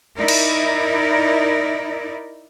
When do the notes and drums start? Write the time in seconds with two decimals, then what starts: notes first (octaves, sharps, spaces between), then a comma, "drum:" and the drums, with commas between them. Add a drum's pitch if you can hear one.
0.18 D#4 E4 A#4 D5
0.28 drum: cymbal